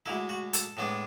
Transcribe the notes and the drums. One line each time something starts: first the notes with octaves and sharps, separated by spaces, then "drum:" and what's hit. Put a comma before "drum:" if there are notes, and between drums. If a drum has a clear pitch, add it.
D2 D3 G#3 E4
F#4
A4, drum: hi-hat
A2 G#3 B3 D4